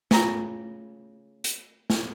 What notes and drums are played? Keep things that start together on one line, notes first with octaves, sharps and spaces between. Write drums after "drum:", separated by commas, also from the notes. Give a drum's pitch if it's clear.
C#3 A3 F4 A#5, drum: snare
drum: hi-hat
drum: snare